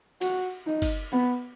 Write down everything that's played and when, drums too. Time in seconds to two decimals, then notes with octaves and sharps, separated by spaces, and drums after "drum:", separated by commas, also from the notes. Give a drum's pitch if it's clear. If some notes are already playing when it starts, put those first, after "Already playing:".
0.21 F#4, drum: cymbal
0.67 D#4
0.82 drum: kick, cymbal
1.12 B3